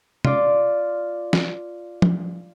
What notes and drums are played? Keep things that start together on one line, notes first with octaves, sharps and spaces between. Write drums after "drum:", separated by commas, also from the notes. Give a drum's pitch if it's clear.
F4 D5, drum: tom
drum: snare
drum: tom F3